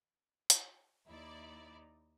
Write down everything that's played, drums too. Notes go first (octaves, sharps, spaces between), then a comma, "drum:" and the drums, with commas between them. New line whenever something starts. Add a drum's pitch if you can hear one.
drum: hi-hat
D#2 D#4 E4 D5